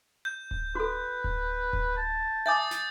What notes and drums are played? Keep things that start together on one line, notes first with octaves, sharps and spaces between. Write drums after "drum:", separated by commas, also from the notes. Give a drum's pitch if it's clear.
G6
drum: kick D1
F#4 A4 B4
drum: kick D1
drum: kick D1
A5
E5 G#5 D6 D#6 G6 A6
drum: snare